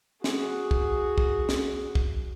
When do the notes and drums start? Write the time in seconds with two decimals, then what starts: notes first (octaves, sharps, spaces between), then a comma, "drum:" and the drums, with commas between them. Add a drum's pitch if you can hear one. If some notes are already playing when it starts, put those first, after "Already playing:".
0.24 F#4 G#4, drum: snare
0.71 drum: kick
1.18 drum: kick
1.49 drum: snare
1.95 drum: kick